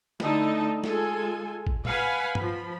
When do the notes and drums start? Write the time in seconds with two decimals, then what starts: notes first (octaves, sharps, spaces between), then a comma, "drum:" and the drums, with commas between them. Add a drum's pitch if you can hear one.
0.20 D3 A3 D#4 E4 D#5 A5, drum: snare
0.84 G#3 F4 A4 G#5, drum: snare
1.67 drum: kick
1.85 B4 F5 F#5 G#5 B5, drum: tom
2.35 F3 B5, drum: tom G2